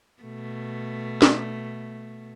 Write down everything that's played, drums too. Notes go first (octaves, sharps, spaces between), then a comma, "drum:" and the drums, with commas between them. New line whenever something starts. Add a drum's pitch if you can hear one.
B2 A3
drum: snare